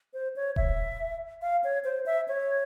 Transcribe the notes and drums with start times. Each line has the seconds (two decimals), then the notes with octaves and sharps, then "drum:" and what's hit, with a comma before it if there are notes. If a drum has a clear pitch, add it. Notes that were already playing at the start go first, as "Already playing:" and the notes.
0.14 C5
0.36 C#5
0.56 E5, drum: kick D#1
1.42 F5
1.64 C#5
1.84 C5
2.06 E5
2.28 C#5